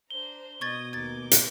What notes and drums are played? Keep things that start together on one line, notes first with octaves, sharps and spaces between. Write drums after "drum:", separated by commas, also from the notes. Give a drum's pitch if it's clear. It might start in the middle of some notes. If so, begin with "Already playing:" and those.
D4 C5 A#5 G7
B2 D#5 C#6 D#6 G#6 A6
D#2 D#4 D6 G#6 A6
drum: hi-hat